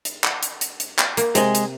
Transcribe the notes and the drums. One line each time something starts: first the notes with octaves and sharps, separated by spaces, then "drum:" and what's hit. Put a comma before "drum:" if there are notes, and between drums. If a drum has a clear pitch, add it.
drum: hi-hat
drum: clap
drum: hi-hat
drum: hi-hat
drum: hi-hat
drum: clap
A#3, drum: hi-hat
C3 G#3 G#4, drum: hi-hat
drum: hi-hat